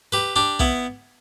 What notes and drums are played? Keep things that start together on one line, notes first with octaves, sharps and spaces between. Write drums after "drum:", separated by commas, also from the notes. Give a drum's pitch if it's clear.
G4 B4
D4 G4
B3 E4, drum: kick